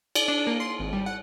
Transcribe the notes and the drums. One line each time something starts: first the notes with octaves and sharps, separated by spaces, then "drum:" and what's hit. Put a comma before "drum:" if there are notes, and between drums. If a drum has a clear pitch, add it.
D5, drum: cymbal
D4
A#3
C6
G#1
G3
F#5